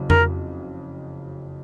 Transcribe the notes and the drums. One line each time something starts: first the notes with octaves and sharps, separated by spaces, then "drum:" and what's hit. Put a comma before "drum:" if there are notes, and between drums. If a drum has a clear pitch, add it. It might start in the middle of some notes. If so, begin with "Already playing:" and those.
Already playing: F#1 F2 C#3 F#3
A#4, drum: tom F2